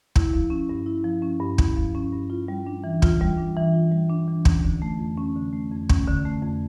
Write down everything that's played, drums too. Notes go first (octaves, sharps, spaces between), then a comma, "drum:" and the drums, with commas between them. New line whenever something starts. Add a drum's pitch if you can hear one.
E4, drum: kick
F3
C#4
G2
E4
F3
C#4
G2
E4, drum: kick
F3
C#4
G2
F4
G3
D4
E3
F4, drum: kick
G3
D4
E3
F4
G3
D4
E3
C#4, drum: kick
D3
A3
F2
C#4
D3
A3
F2
C#4, drum: kick
D3
A3
F2